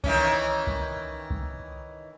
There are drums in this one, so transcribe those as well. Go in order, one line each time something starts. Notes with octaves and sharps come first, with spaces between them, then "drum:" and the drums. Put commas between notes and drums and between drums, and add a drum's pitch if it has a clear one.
D#3 E3 C#4, drum: kick C2
drum: kick C2
drum: kick C2